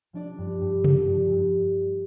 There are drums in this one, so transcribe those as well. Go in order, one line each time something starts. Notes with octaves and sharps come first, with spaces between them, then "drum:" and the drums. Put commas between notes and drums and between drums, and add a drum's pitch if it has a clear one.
F3 D4 D5
G2
G2
F3, drum: tom C3
G2
G2